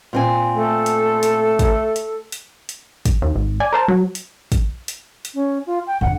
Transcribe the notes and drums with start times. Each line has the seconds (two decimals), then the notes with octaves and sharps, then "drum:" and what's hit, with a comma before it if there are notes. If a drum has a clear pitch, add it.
0.13 A#2 C4 G#5
0.55 A3 A4
0.86 drum: hi-hat
1.23 drum: hi-hat
1.59 drum: kick, hi-hat
1.96 drum: hi-hat
2.32 drum: hi-hat
2.69 drum: hi-hat
3.05 drum: kick, hi-hat
3.22 D#2
3.36 G#1
3.60 D5 G#5
3.73 A#4 C5 A5
3.88 F#3
4.15 drum: hi-hat
4.52 drum: kick, hi-hat
4.88 drum: hi-hat
5.25 drum: hi-hat
5.34 C#4
5.67 F4
5.87 G5
6.01 F2 D3 F#5